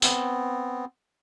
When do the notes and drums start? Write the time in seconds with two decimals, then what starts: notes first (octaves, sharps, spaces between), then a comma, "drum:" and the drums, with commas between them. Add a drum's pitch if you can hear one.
0.02 B3 C4, drum: tambourine